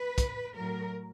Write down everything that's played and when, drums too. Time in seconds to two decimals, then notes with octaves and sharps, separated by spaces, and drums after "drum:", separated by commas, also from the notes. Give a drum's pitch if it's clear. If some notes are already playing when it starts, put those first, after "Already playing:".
Already playing: B4
0.18 drum: kick, hi-hat
0.55 A2 F#3 A#4